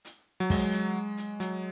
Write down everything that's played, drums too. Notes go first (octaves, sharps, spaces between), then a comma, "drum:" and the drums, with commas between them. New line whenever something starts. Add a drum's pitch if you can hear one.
drum: hi-hat
F#3
G#3, drum: kick, open hi-hat
drum: hi-hat
drum: hi-hat
F#3, drum: hi-hat